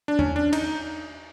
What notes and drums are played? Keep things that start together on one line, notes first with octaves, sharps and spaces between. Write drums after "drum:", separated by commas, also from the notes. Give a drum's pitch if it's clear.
D4
C#4, drum: tom E2
D4
D#4, drum: cymbal